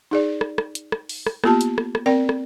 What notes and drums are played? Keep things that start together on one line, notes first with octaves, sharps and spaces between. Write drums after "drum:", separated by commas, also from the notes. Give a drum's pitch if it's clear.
D#4 G#4 D5
drum: rim click
drum: rim click
drum: hi-hat
drum: rim click
drum: open hi-hat
drum: rim click
A#3 B3 F4 G4 A5, drum: rim click
drum: hi-hat
drum: rim click
drum: rim click
C4 A#4 D5 G5
drum: rim click